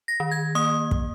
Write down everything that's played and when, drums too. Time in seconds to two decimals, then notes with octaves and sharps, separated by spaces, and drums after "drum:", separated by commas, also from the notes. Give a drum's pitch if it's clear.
0.08 A#6
0.20 D#3
0.31 G#6
0.55 A#3 D#6
0.91 drum: kick